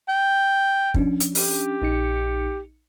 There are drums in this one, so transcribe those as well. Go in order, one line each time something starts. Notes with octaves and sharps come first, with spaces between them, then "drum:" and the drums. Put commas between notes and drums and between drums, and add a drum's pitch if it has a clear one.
G5
F3 C#4 D4, drum: kick
drum: hi-hat
G4, drum: open hi-hat
A#1 D#4 C#7